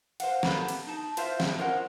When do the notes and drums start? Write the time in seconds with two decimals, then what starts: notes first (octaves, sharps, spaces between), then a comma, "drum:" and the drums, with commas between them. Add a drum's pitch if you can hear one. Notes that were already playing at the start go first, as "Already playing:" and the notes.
0.20 C5 F5 F#5, drum: cymbal
0.43 A#3 B3 G4 A4, drum: snare
0.68 drum: cymbal
0.87 D#4 A5
1.17 F4 C5 E5 F5, drum: cymbal
1.40 G2, drum: snare
1.58 C#4 F4 A#4 C5 D#5 F#5